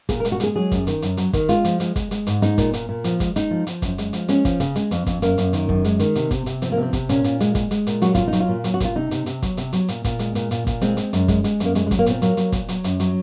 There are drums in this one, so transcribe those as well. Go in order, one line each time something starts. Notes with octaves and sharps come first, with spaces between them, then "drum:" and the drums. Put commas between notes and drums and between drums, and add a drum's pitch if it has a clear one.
A#2 G#4, drum: kick, hi-hat
A#4
G#3, drum: hi-hat
F#4
G#3 G#4, drum: hi-hat
F#3 G#4
F#2, drum: kick, hi-hat
D#3, drum: hi-hat
F#2, drum: hi-hat
F#3, drum: hi-hat
D#3, drum: kick, hi-hat
G#3 F4, drum: hi-hat
F3, drum: hi-hat
G#3, drum: hi-hat
G#3, drum: kick, hi-hat
G#3, drum: hi-hat
G#2, drum: hi-hat
G#3 D#4, drum: hi-hat
A#2, drum: kick, hi-hat
A#2, drum: hi-hat
A#2
F3, drum: hi-hat
G#3, drum: kick, hi-hat
G#3 D#4, drum: hi-hat
F3
F3, drum: hi-hat
F#2, drum: kick, hi-hat
G#3, drum: hi-hat
F3, drum: hi-hat
G#3 C#4, drum: hi-hat
F3, drum: kick, hi-hat
C#3, drum: hi-hat
G#3, drum: hi-hat
F2, drum: hi-hat
F2, drum: kick, hi-hat
F#2 A#3, drum: hi-hat
F#2, drum: hi-hat
D#3, drum: hi-hat
F#2, drum: kick
G#3, drum: hi-hat
D#3, drum: hi-hat
C3, drum: hi-hat
C3, drum: kick, hi-hat
C3, drum: hi-hat
F3 C4, drum: hi-hat
A#3
C3 C4
C3, drum: kick, hi-hat
A#2 C#4, drum: hi-hat
A#2, drum: hi-hat
G#3, drum: hi-hat
G#3, drum: kick, hi-hat
G#3, drum: hi-hat
A#2, drum: hi-hat
F#3 F#4, drum: hi-hat
A#2 F4, drum: kick, hi-hat
D#4
F#3, drum: hi-hat
F4
A#2
F#3, drum: hi-hat
F#4
A#2 F4, drum: kick, hi-hat
C3 D#4
C3, drum: hi-hat
C3, drum: hi-hat
F#3, drum: kick, hi-hat
C3, drum: hi-hat
F#3, drum: hi-hat
A#2, drum: hi-hat
A#2, drum: kick, hi-hat
G#3, drum: hi-hat
A#2, drum: hi-hat
A#2, drum: hi-hat
A#2, drum: kick, hi-hat
G#3 C4, drum: hi-hat
G#3, drum: hi-hat
F#2, drum: hi-hat
G#3, drum: kick, hi-hat
G#3, drum: hi-hat
F#2, drum: hi-hat
A#3
F#3 G#3, drum: hi-hat
G#3
F#3, drum: kick, hi-hat
A#3
A#2 C4, drum: hi-hat
F#3 A#3, drum: hi-hat
F#3, drum: hi-hat
A#2, drum: kick, hi-hat
F#3, drum: hi-hat
F#2, drum: hi-hat
F#3, drum: hi-hat